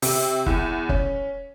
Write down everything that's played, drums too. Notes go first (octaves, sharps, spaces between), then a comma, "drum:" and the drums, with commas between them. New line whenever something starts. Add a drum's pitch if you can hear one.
C3, drum: open hi-hat
E2, drum: kick
C#4, drum: kick